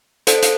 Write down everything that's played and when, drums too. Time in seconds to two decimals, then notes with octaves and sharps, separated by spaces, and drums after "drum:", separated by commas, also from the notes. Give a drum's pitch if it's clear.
0.27 A4 C5, drum: hi-hat
0.42 drum: hi-hat